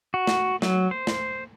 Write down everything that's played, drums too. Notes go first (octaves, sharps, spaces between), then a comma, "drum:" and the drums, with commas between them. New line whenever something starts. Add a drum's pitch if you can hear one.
F#4
drum: snare
F#3, drum: snare
C5
drum: snare